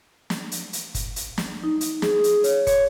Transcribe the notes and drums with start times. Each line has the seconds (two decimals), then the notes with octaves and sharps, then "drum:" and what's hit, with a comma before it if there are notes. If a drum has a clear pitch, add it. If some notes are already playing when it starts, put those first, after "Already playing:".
0.30 drum: snare
0.52 drum: hi-hat
0.73 drum: hi-hat
0.95 drum: kick, hi-hat
1.16 drum: hi-hat
1.38 drum: snare
1.63 D#4
1.81 drum: hi-hat
2.02 G#4, drum: snare
2.24 drum: hi-hat
2.44 C#5, drum: hi-hat
2.67 C#5, drum: kick, hi-hat